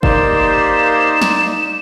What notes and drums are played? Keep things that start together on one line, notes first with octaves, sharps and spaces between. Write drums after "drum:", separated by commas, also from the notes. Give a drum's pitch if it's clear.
A#3 D#4 G4 C5 D5 E7, drum: kick F#1
drum: snare